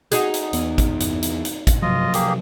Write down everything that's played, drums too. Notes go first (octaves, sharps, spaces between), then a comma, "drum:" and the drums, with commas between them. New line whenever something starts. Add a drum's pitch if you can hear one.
D#4 F#4 G#4, drum: hi-hat
drum: hi-hat
E2 B3, drum: hi-hat
drum: kick, hi-hat
drum: hi-hat
drum: hi-hat
drum: hi-hat
drum: kick, hi-hat
C3 F3 F#3 F4 D#5
A#3 G4 G#4, drum: hi-hat